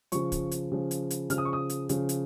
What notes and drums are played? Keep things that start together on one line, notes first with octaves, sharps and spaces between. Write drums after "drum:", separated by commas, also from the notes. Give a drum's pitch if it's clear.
C#3 F3 C#6, drum: hi-hat
drum: kick, hi-hat
drum: hi-hat
C#3 F3
drum: hi-hat
drum: hi-hat
C#3 F3 F6, drum: hi-hat
D#6
C#6
D#6
drum: hi-hat
C#3 F3, drum: hi-hat
drum: hi-hat